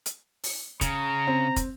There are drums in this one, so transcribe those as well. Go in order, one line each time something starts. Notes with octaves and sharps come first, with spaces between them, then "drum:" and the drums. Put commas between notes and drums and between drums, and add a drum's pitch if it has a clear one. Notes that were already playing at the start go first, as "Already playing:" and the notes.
drum: hi-hat
drum: open hi-hat
C#3 A#5, drum: kick, hi-hat
C4
drum: kick, hi-hat